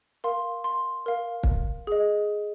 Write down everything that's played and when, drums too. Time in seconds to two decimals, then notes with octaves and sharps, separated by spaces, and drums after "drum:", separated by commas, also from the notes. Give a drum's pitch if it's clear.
0.24 A#4 F5 C6
0.64 C6
1.06 A#4 F5
1.43 drum: kick
1.87 G#4 D#5